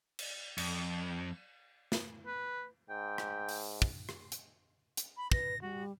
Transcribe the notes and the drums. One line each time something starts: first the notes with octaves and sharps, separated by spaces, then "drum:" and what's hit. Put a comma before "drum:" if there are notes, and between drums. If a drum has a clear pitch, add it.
drum: cymbal
F2, drum: cymbal
drum: snare
B4
G#2 G5
drum: rim click
drum: open hi-hat
drum: kick
drum: rim click
drum: hi-hat
drum: hi-hat
B5
B4 A#6, drum: kick
G3 F#4